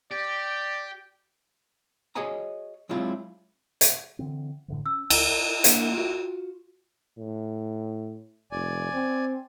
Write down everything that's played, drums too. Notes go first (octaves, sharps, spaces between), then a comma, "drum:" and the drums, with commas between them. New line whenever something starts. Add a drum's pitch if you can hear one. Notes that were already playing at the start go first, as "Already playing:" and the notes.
G4 D5
F#4 G#4 C#5 D#5 G#5 A#5
F#3 G#3 C4 D4 E4 F4
drum: hi-hat
D3 E3 C4
A2 D3 E3
C#4 E6
C#2, drum: cymbal
A#3 D4 E4 F#5, drum: hi-hat
F4 F#4
A2
F1 D5 G#5
C4